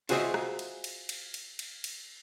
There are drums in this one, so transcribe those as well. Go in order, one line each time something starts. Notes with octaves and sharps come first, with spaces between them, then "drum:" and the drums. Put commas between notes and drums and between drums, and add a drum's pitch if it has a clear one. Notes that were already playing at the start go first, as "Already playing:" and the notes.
F4 F#4 G#4 C5 D#5 E5, drum: cymbal
drum: rim click
drum: cymbal
drum: cymbal
drum: cymbal
drum: cymbal
drum: cymbal
drum: cymbal